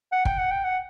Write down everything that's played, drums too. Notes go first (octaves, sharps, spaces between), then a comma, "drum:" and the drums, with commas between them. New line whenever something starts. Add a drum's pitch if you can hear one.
F#5
G5, drum: kick
F#5
G5
F#5